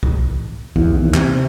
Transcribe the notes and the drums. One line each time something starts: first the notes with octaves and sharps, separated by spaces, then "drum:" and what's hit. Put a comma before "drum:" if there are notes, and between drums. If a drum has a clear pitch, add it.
drum: kick C2
E2, drum: kick C2
D#2
C3, drum: clap